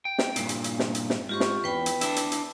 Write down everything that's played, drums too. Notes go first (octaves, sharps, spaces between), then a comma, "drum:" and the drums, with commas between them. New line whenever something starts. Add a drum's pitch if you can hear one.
G5
drum: snare
G2 A#2, drum: hi-hat
drum: hi-hat
drum: hi-hat
drum: snare
drum: hi-hat
drum: snare
G#2 F4 G4 C#6
drum: snare
E2 B4 G5 B5
drum: hi-hat
D4 E5, drum: hi-hat
drum: hi-hat
drum: hi-hat